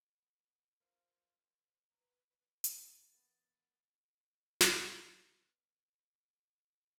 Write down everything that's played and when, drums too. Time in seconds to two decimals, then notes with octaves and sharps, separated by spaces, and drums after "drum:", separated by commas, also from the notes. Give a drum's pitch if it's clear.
0.15 B3
0.80 F4 A#4 C5 F5
1.45 C4
1.91 B4 A#5
2.64 A2 D#4 A6, drum: hi-hat
3.12 E3 A#3 B3
4.61 drum: snare
4.75 B3 F6 B6